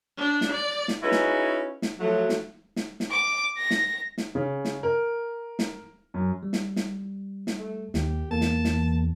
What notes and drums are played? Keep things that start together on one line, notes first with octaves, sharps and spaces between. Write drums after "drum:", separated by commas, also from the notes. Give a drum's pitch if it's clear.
D4
drum: snare
D5
drum: snare
C#4 D#4 E4 F#4 G#4 B4
drum: snare
drum: snare
F3 F#3 A3
drum: snare
drum: snare
drum: snare
D6
A#6
drum: snare
drum: snare
C#3
drum: snare
A#4
drum: snare
F#2
G3
drum: snare
drum: snare
drum: snare
A3
D#2 D#3 G4, drum: snare
E2 A#3 A5
drum: snare
drum: snare